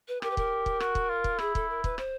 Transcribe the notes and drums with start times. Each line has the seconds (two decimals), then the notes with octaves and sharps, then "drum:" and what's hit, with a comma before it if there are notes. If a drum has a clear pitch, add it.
0.08 B4
0.22 G4 A#4, drum: rim click
0.31 B4
0.37 A#4, drum: kick
0.66 drum: kick
0.80 F#4, drum: rim click
0.95 drum: kick
1.09 F4
1.24 drum: kick
1.39 E4 G#4, drum: rim click
1.55 A4, drum: kick
1.69 A#4
1.84 B4, drum: kick
1.98 C5, drum: rim click